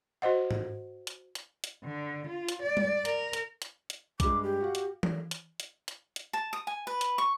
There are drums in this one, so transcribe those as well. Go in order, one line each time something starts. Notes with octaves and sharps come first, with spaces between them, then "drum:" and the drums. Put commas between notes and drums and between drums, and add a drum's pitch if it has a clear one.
F#4 C5 D#5 F#5
drum: tom G#2
drum: hi-hat
drum: hi-hat
drum: hi-hat
D3
F4
drum: hi-hat
D5
drum: tom G3
A#4, drum: hi-hat
drum: hi-hat
drum: hi-hat
drum: hi-hat
G2 G#3 D6, drum: kick B1, hi-hat
G4
F#4 F5 F#5
drum: hi-hat
drum: tom E3
drum: hi-hat
drum: hi-hat
drum: hi-hat
drum: hi-hat
A5
D#6
G#5
B4
drum: hi-hat
C#6